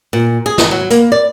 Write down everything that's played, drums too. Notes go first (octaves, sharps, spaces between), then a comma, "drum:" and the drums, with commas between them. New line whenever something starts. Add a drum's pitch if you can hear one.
A#2
G#4
drum: snare
F#3
A#3, drum: hi-hat
D5